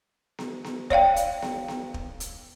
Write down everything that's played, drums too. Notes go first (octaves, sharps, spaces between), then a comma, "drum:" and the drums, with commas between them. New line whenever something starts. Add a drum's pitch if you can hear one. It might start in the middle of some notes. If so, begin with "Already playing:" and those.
drum: snare B3
drum: snare B3
C#5 D5 F5 G5, drum: kick
drum: hi-hat
drum: snare B3
drum: snare B3
drum: kick
drum: hi-hat